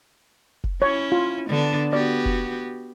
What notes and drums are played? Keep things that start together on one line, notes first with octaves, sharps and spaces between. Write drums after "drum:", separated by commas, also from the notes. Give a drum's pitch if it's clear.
drum: kick F1
C#4 E4 C#5
F4
D3 B3 D4
B3 F#4 G4 D5
drum: kick F1